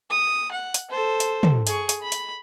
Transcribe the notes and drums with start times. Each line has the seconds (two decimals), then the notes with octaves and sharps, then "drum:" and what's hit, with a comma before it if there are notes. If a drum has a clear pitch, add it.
0.10 D#6
0.51 F#5
0.74 drum: hi-hat
0.91 A4 C5
1.20 drum: hi-hat
1.43 drum: tom
1.67 G#4 C#6, drum: hi-hat
1.89 drum: hi-hat
2.02 B5
2.12 drum: hi-hat